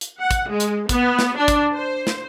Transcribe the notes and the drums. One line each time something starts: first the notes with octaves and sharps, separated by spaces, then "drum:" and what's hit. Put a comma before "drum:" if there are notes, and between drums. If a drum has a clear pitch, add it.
drum: hi-hat
F#5
drum: kick, hi-hat
G#3
drum: hi-hat
B3, drum: kick, hi-hat
drum: snare
D4
drum: kick, hi-hat
C5
drum: snare